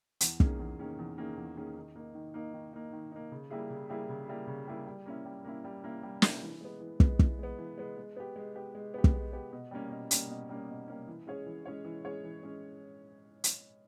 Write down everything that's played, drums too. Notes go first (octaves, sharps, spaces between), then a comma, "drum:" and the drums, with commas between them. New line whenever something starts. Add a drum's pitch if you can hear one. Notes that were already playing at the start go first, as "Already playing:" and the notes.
E2, drum: hi-hat
D#3 A#3 C#4 G#4, drum: kick
E2
D#3 A#3 C#4 G#4
E2
D#3 A#3 C#4 G#4
E2
D#3 A#3 C#4 G#4
D#3
A#3 D#4
D#3
A#3 D#4
D#3
A#3 D#4
D#3
A#3 D#4
C#3
G3 A#3 E4 G#4
C#3
G3 A#3 E4 G#4
C#3
G3 A#3 E4 G#4
C#3
G3 A#3 E4 G#4
G3
A#3 C#4 E4
G3
A#3 C#4 E4
G3
A#3 C#4 E4
G3
A#3 C#4 E4, drum: snare
E3
G#3 B3
E3
G#3 B3, drum: kick
E3, drum: kick
G#3 B3
E3
G#3 B3
G#3
B3 G4
G#3
B3 G4
G#3
B3 G4
drum: kick
G#3
B3 G4
B2
G3 A#3 C#4
B2
G3 A#3 C#4, drum: hi-hat
B2
G3 A#3 C#4
B2
G3 A#3 C#4
E3
G#3 C#4 G#4 C#5
E3
G#3 C#4 G#4 C#5
E3
G#3 C#4 G#4 C#5
E3
G#3 C#4
drum: hi-hat